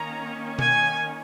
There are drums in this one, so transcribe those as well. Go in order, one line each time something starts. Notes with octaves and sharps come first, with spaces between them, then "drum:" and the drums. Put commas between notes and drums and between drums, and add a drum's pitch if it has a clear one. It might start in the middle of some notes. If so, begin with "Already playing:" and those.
Already playing: D#3 A#3 C#4 A#5
G#5, drum: tom B2